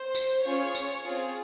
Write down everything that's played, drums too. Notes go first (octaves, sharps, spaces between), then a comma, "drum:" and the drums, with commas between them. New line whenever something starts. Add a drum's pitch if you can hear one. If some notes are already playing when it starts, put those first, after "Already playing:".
Already playing: C5
drum: tambourine
C#4 F4 G#4 C#5
drum: tambourine
C4 F4 G#4